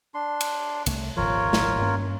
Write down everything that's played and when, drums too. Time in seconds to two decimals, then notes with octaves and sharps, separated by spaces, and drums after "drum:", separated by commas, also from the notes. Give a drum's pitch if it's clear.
0.14 D4 C6
0.41 drum: cymbal
0.86 C2 A3, drum: cymbal
1.17 D#1 G#1 F3 F4 A#4 C#5
1.53 drum: snare
1.81 G2 A#3 C#4